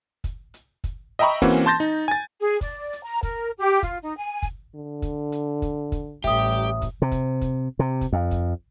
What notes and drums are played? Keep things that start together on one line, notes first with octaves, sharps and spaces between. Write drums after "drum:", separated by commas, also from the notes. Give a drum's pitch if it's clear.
drum: kick, hi-hat
drum: hi-hat
drum: kick, hi-hat
D#5 E5 G5 A#5 B5 C#6
E3 A#3 C4 C#4 F#4, drum: kick, hi-hat
A5 C6 G6 A6 A#6
D#4
G#5 A6
G#4
D5, drum: kick, hi-hat
drum: hi-hat
A#5
A#4, drum: kick, hi-hat
G4
F4, drum: kick, hi-hat
D#4
G#5
drum: kick, hi-hat
D3
drum: kick, hi-hat
drum: hi-hat
drum: kick, hi-hat
drum: kick, hi-hat
A1 G3 G4 E5 D#6, drum: kick, hi-hat
drum: hi-hat
drum: kick, hi-hat
C3
drum: kick, hi-hat
drum: kick, hi-hat
C3
drum: kick, hi-hat
F2
drum: kick, hi-hat